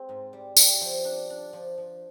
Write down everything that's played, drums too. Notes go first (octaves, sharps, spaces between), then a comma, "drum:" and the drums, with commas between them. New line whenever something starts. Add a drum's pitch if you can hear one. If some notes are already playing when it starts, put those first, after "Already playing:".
Already playing: G#3 C4
G#2
G3
G3, drum: tambourine
F3
D4
D4
F3
F3